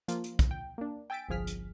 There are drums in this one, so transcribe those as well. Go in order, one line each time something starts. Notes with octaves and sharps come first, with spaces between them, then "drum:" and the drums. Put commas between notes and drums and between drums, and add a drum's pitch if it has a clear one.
F3 A#3 F4, drum: hi-hat
drum: hi-hat
drum: kick, hi-hat
G5
A#3 D4
G5 G#5 E6 A6 B6 D7
G1 C2 F3 G#4 F6 B6
drum: hi-hat